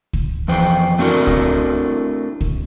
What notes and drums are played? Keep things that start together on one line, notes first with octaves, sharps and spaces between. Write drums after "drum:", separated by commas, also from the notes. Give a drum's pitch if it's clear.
drum: kick
F2 E3 C5 G5
A3 C4 D4 E4 F#4 A#4
drum: kick
drum: kick